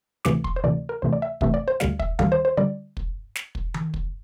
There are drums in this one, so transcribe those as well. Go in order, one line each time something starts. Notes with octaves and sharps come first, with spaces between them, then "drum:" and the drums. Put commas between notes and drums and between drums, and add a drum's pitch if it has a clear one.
D2 C3 E3 A3 D6, drum: snare
C6, drum: kick
C5
D2 C3 E3 A3 D5
A#4
D2 C3 E3 A3 C5
D5
E5
D2 C3 E3 A3 E5, drum: kick
D5
C5
D2 D3 G3 F5, drum: snare
E5, drum: kick
D2 D3 G3 F5, drum: tom D#3
C5
C5
D3 G3 D5
drum: kick
drum: snare
drum: kick
drum: tom D#3
drum: kick